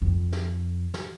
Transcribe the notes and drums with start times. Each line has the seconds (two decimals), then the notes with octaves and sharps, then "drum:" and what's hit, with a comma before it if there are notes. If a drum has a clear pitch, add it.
0.02 F2
0.32 drum: snare
0.94 drum: snare